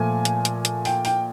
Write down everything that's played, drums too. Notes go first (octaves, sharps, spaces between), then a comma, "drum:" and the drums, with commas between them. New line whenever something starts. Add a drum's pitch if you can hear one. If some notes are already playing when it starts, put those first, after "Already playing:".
Already playing: A#2 F3 A3 G#5
drum: hi-hat
drum: hi-hat
drum: hi-hat
G5, drum: open hi-hat
G5, drum: open hi-hat